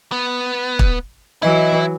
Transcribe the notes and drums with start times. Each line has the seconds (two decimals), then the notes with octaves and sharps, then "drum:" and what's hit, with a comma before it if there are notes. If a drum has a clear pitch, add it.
0.12 B3
0.79 drum: kick
1.42 E3 F#3 E4 D#5